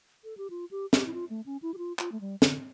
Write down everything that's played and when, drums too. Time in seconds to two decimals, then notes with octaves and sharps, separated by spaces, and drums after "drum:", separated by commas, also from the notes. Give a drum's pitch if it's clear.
0.24 A4
0.37 G4
0.50 F4
0.71 G4
0.93 G4, drum: snare
1.06 E4
1.14 F4
1.30 A3
1.46 C#4
1.62 E4
1.74 G4
1.78 F4
1.99 F4, drum: clap
2.12 A3
2.21 G3
2.42 D3, drum: snare